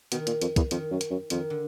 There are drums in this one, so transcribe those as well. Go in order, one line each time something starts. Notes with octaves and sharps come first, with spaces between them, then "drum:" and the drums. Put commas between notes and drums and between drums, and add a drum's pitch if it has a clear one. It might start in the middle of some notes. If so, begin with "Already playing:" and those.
B2 D#3, drum: hi-hat
A#2, drum: hi-hat
F2, drum: hi-hat
E2, drum: kick, hi-hat
F2 D#3, drum: hi-hat
F#2
drum: hi-hat
F#2
F2 D#3, drum: hi-hat
D3